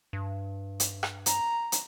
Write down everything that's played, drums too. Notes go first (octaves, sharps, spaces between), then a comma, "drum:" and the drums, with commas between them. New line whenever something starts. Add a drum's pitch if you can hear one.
G2
drum: hi-hat
drum: rim click
A#5, drum: hi-hat
drum: hi-hat